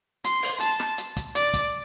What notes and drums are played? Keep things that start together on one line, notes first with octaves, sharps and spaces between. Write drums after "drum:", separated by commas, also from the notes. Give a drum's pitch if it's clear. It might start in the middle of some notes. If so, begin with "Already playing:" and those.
C6, drum: hi-hat
drum: open hi-hat
A5, drum: hi-hat
drum: snare
drum: hi-hat
drum: kick, hi-hat
D5, drum: hi-hat
drum: kick, hi-hat